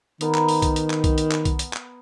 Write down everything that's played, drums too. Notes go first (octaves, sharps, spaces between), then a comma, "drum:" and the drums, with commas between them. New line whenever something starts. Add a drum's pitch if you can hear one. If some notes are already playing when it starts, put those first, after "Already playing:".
D#3 B3 A#4, drum: hi-hat
drum: clap
drum: open hi-hat
drum: kick B1, hi-hat
drum: hi-hat
drum: clap
drum: kick B1, hi-hat
drum: hi-hat
drum: clap
drum: kick B1, hi-hat
drum: hi-hat
drum: clap